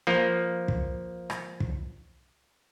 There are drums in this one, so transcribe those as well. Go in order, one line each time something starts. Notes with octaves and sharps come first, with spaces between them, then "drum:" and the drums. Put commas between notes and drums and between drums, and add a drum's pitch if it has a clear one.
F3 A#3
drum: kick
drum: rim click
drum: kick